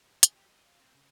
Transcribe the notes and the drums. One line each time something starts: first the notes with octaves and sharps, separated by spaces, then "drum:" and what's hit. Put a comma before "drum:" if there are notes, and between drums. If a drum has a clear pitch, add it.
G2
G#4, drum: hi-hat
G4
D#5
F5
C4
C#3